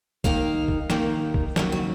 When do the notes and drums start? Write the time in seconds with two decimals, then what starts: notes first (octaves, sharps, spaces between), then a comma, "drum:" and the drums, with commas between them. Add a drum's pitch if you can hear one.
0.24 D#2 D#3 A#3 D#4 F5, drum: kick B1
0.68 drum: kick B1
0.90 D#2 D#3 A#3 D#4, drum: snare
1.34 drum: kick B1
1.56 D#2 C#3 F#3 A#4, drum: snare
1.72 F#4